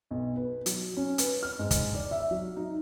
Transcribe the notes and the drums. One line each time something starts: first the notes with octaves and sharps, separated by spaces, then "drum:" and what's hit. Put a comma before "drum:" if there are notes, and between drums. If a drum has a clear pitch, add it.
B1
B4
F#3, drum: hi-hat
C#4
B4, drum: hi-hat
F6
G#2
drum: kick, hi-hat
D5
E5
F#3
D#4